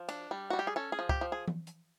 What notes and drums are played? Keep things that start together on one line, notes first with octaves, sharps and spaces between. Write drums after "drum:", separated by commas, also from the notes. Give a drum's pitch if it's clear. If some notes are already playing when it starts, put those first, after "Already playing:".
Already playing: F3
D4, drum: cymbal
G3
G3 F#4
G4
G#4
C#4 A4
G#4
F3
G4, drum: kick C#2
F3
G#4
drum: tom E3
drum: hi-hat